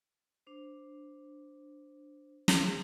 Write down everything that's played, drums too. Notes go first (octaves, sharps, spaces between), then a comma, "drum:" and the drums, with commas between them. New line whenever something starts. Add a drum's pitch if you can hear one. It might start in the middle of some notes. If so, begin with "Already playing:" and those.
D4 C5
drum: snare